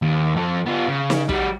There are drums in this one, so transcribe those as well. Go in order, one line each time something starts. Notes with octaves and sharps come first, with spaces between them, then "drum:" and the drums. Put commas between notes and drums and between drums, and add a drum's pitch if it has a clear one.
D#2
F2 A4
B3 F4
C#3
drum: snare
G3 F#4, drum: kick